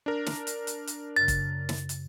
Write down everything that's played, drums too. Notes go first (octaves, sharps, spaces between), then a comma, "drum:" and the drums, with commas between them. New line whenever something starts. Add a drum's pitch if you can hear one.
D4 A#4
drum: snare
drum: hi-hat
drum: hi-hat
drum: hi-hat
F#2 C#3 A6
drum: kick, hi-hat
drum: snare
drum: hi-hat